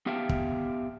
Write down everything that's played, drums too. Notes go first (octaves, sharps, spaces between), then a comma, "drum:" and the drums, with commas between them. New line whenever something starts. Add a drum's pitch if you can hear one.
B3 G4 E5 F5 G5 A5
drum: kick